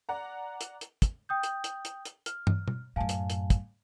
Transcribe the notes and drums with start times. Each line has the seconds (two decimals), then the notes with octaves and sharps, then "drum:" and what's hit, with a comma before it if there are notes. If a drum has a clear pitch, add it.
0.09 D5 F#5 A#5
0.61 drum: hi-hat
0.81 drum: hi-hat
1.02 drum: kick, hi-hat
1.29 G5 D#6 G6
1.43 drum: hi-hat
1.64 drum: hi-hat
1.85 drum: hi-hat
2.05 drum: hi-hat
2.26 F6, drum: hi-hat
2.47 drum: tom
2.68 drum: tom B2
2.96 F#2 A2 F5 G#5 A5
3.09 drum: hi-hat
3.30 drum: hi-hat
3.50 drum: kick, hi-hat